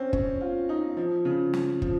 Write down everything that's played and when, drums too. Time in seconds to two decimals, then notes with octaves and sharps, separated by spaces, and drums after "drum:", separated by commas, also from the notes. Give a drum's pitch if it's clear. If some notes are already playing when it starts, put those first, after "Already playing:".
Already playing: C4 C#4
0.13 C#4, drum: kick
0.41 F4
0.69 D#4
0.97 F3
1.25 C#3
1.53 drum: snare
1.82 F3, drum: kick